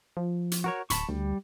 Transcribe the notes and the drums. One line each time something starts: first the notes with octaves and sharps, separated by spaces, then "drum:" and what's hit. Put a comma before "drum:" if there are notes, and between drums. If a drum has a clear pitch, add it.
F3
drum: hi-hat
F#4 A#4 C#5
D1 A5 B5 C#6, drum: hi-hat
D2 G3